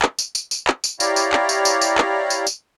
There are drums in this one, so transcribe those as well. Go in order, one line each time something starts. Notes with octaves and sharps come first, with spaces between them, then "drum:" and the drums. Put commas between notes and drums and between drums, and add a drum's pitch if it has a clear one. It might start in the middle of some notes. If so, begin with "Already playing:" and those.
drum: clap
drum: tambourine
drum: tambourine
drum: tambourine
drum: clap
drum: tambourine
E4 G4 C#5 D5 F5 A#5, drum: tambourine
drum: tambourine
drum: clap
drum: tambourine
drum: tambourine
drum: tambourine
drum: clap
drum: tambourine
drum: tambourine